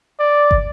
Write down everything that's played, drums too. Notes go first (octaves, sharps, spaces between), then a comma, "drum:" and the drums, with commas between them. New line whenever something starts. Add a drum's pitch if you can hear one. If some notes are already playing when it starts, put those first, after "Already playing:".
D5
drum: kick